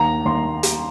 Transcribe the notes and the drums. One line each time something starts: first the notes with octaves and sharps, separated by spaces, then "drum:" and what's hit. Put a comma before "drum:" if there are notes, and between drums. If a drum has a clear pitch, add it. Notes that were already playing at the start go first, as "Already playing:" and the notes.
Already playing: D#2 A#5
D#2 C6
drum: hi-hat